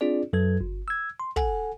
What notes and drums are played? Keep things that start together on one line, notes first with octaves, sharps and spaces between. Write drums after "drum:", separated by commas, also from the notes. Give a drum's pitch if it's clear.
C4 D4 F4 G#4 D5
F#2 F#3 A4 B4 G#6
G1
E6 G#6
C6
A4 F#5 G#5, drum: kick